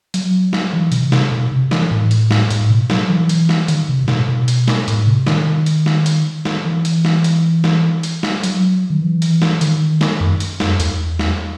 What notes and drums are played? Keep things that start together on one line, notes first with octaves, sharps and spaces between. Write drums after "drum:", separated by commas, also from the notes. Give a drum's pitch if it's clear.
F#3, drum: hi-hat
drum: snare
E3
B2, drum: hi-hat
C3
drum: snare
B2
C3
E3, drum: snare
A2
drum: hi-hat
drum: snare
A2, drum: hi-hat
B2
F#3, drum: snare
E3
drum: hi-hat
drum: snare
D#3, drum: hi-hat
C3
A2
B2, drum: snare
B2
drum: hi-hat
drum: snare
A2, drum: hi-hat
C3
D#3, drum: snare
drum: hi-hat
drum: snare
drum: hi-hat
drum: snare
E3
drum: hi-hat
drum: snare
drum: hi-hat
drum: snare
drum: hi-hat
drum: snare
F#3, drum: hi-hat
D#3
E3
drum: hi-hat
drum: snare
D#3, drum: hi-hat
drum: snare
F#2
drum: hi-hat
drum: snare
E2, drum: hi-hat
drum: snare